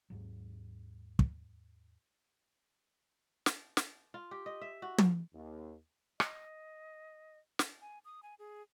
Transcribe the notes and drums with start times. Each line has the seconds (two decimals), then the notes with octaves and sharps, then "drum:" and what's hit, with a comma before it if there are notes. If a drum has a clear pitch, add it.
0.10 D#2 G#2 F#3
1.19 drum: kick
3.46 drum: snare
3.77 drum: snare
4.14 F4
4.31 G4
4.46 D#5
4.61 E5
4.82 F#4
4.98 F3, drum: tom
5.34 D#2
6.20 D#5, drum: rim click
7.59 drum: snare
7.81 G#5
8.05 D#6
8.23 G#5
8.39 G#4